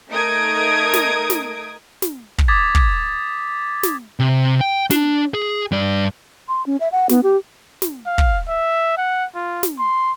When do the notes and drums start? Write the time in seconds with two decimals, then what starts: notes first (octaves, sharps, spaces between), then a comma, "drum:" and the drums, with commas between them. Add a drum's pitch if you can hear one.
0.10 A3 D#4 A#4 D#6 G#6 D7
0.93 drum: snare
1.30 drum: snare
2.02 drum: snare
2.38 drum: kick
2.48 D6 D#6 G#6 A6 B6
2.75 drum: kick
3.83 drum: snare
4.20 C3
4.61 G5
4.91 D4, drum: snare
5.34 G#4
5.72 G2 D5
6.48 C6
6.66 C#4
6.80 E5
6.92 F#5
7.09 B3, drum: snare
7.23 G4
7.82 drum: snare
8.07 F5
8.18 drum: kick
8.49 E5
8.98 F#5
9.35 F4
9.63 drum: snare
9.79 C6